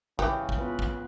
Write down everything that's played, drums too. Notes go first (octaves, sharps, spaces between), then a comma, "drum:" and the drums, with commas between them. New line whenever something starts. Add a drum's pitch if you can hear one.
C#3 E3 F#4 G4, drum: kick
drum: kick
B3 F4 B4
drum: kick